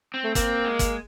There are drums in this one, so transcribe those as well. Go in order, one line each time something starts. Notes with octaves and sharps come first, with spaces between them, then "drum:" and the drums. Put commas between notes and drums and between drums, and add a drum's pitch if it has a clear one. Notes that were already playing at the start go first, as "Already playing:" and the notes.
C4
A3
A#3 C4, drum: kick, hi-hat
G#3
drum: kick, hi-hat